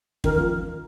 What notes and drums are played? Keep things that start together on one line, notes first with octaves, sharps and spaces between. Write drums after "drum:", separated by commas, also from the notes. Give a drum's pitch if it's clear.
D#3 A#4, drum: kick
A#4
F3